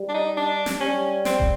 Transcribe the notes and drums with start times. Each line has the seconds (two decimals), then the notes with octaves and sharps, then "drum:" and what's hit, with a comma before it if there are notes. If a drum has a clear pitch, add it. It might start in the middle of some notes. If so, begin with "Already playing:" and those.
Already playing: G3
0.09 D4
0.14 D#4
0.37 D4
0.66 drum: snare
0.80 G3 C#4
1.25 C4, drum: snare
1.40 drum: kick